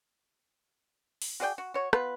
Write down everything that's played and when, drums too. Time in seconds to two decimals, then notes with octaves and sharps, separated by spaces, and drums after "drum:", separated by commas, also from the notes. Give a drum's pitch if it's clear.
1.22 drum: open hi-hat
1.40 F#4 G#4 D5 G5
1.58 F#4
1.74 F#4 C#5
1.93 B3 F4 B4, drum: rim click